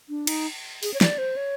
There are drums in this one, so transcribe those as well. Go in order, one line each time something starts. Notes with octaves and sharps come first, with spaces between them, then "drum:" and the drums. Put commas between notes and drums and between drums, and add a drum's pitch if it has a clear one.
D4
D#4, drum: cymbal
G#4, drum: open hi-hat
C#5
D5, drum: snare
C5
C#5